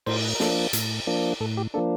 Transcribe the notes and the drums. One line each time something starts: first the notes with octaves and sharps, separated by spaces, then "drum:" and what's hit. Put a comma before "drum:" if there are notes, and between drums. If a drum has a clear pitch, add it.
A2 C5, drum: cymbal
A#4
F3 A#3 D4 A4, drum: snare
A2, drum: hi-hat
F3 A#3 D4
A2 A4
G4
F3 A#3 D4 A4